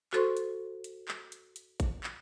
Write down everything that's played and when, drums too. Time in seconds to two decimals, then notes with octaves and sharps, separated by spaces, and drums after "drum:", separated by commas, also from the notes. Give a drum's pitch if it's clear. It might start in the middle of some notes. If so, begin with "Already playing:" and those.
0.13 F#4 A4 C5 C6 C#6, drum: clap
0.37 drum: hi-hat
0.84 drum: hi-hat
1.08 drum: clap
1.32 drum: hi-hat
1.56 drum: hi-hat
1.80 drum: kick A1, hi-hat
2.04 drum: clap